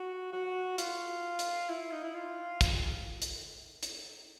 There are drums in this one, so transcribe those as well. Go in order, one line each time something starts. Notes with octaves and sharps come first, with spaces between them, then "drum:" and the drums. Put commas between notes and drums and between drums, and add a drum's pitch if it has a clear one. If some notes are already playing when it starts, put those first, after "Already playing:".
Already playing: F#4
F#4
F4, drum: hi-hat
drum: hi-hat
E4
D#4
E4
F4
drum: kick, hi-hat
drum: hi-hat
drum: hi-hat